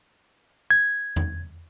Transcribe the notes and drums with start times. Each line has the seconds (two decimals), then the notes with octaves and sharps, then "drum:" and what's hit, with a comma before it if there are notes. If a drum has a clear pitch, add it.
0.71 G#6
1.16 drum: tom E2